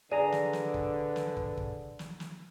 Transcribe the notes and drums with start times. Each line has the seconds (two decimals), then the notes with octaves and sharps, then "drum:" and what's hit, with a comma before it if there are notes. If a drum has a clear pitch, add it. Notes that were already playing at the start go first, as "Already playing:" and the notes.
0.12 D3 G#4 B4 D5 A#5
0.32 drum: snare
0.53 drum: snare
0.74 drum: kick
1.16 drum: snare
1.37 drum: kick
1.57 drum: kick
1.99 drum: snare
2.20 drum: snare